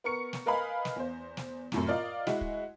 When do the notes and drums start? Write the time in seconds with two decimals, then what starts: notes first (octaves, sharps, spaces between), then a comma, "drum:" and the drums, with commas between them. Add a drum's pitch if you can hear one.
0.04 B3 A#4 C#6 C#7
0.33 drum: snare
0.46 A#4 B4 D#5 F5 G#5 B5
0.85 drum: snare
0.96 E2 C5
1.37 drum: snare
1.72 F#2 A2 C3, drum: snare
1.87 F4 A#4 D5 D#5 F5
2.27 G#3 E4 F#4, drum: snare
2.41 drum: kick